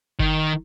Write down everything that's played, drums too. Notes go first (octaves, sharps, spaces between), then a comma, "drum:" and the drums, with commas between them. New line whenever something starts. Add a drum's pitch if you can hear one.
D#3, drum: kick F#1